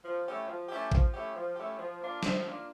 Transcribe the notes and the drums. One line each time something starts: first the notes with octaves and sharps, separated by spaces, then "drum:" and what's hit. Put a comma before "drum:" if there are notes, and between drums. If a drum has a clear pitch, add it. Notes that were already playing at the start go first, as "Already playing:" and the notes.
F3
A3 C#4 E4 G4
F3
A3 C#4 E4 G4
F3, drum: kick A1
A3 C#4 E4 G4
F3
A3 C#4 E4 G4
F3
A#3 D4 F4
F3, drum: snare
A#3 D4 F4